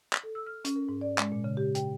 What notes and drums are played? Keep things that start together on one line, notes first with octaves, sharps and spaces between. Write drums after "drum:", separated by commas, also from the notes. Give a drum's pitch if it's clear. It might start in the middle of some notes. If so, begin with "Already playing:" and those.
drum: clap
A4
E6
F6
C#4, drum: hi-hat
A#4
G#2
D5
G#3, drum: clap
A#2
C#3
G4
G5, drum: hi-hat